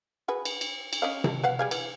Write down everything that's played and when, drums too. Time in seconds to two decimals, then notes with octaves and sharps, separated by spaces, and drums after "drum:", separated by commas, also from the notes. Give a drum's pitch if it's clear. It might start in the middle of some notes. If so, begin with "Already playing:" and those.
0.28 F#4 G#4 B4
0.45 drum: cymbal
0.61 drum: cymbal
0.93 drum: cymbal
1.02 C#4 D#5 F5
1.24 drum: tom C3
1.43 B4 F5 F#5
1.59 G3 G#4 F5
1.71 E3, drum: cymbal